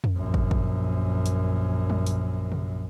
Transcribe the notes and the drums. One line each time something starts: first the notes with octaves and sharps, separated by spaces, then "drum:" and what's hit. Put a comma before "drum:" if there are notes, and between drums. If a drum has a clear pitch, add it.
drum: tom F2
A#1 F#2
drum: kick
drum: kick
drum: hi-hat
drum: tom F#3
drum: hi-hat
drum: tom C3